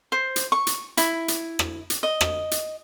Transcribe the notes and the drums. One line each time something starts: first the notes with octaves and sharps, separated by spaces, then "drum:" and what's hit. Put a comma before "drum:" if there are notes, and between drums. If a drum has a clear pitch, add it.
C5
drum: hi-hat
C#6
drum: hi-hat
E4, drum: hi-hat
drum: hi-hat
drum: rim click
drum: hi-hat
D#5
drum: rim click
drum: hi-hat